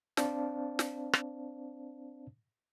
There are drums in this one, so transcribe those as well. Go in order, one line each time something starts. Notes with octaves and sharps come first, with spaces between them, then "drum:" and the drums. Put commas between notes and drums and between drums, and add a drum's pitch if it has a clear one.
C4 D4 C5 D5 F5 A5, drum: snare
drum: snare
drum: rim click